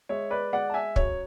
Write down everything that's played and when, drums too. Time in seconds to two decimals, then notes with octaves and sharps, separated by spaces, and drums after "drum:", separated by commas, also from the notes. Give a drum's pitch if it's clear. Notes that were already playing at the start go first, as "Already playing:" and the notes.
0.09 G#3 C#5 E5
0.30 B4 D5
0.53 G#3 D5 F#5
0.70 A5
0.74 E5 G#5
0.96 F#2 C#5, drum: kick